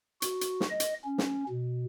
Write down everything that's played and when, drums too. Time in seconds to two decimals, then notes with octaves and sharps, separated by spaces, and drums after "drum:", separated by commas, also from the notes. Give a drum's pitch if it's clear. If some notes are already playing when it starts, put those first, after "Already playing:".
0.22 F#4, drum: hi-hat
0.41 drum: hi-hat
0.60 drum: snare
0.70 D#5
0.80 drum: hi-hat
1.05 C#4
1.18 drum: snare
1.49 B2